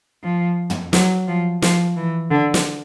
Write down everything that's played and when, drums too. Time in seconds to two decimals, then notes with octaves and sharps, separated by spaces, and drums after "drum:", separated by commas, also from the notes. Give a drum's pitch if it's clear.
0.24 F3
0.70 drum: tom
0.93 F#3, drum: snare
1.28 F3
1.62 F3, drum: snare
1.97 E3
2.31 D3
2.54 drum: snare